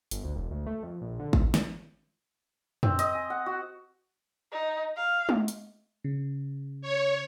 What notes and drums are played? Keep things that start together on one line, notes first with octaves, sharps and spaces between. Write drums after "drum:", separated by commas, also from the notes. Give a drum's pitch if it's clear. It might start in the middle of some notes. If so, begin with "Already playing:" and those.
G1, drum: hi-hat
D2
E1
D2
A3
F2
A#1
D3
B1, drum: kick
drum: snare
C4, drum: tom F2
D#5, drum: hi-hat
G#5
F#5
F#4
D#4
F5
drum: tom G#3
drum: hi-hat
C#3
C#5